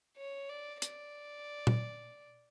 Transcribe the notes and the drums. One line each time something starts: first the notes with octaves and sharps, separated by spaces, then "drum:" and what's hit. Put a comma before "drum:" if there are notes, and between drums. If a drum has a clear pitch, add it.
C#5
D5
D5, drum: hi-hat
drum: tom A#2